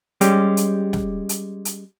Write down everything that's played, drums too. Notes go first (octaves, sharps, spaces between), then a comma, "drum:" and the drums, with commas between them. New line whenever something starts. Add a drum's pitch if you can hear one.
G3 G#3 C#4 G4, drum: hi-hat
drum: hi-hat
drum: snare
drum: hi-hat
drum: hi-hat